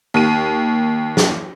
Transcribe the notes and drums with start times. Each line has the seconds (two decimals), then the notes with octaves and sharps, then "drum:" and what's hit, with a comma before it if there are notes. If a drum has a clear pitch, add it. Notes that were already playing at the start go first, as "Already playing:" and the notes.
0.14 D#2 D#7
1.17 drum: snare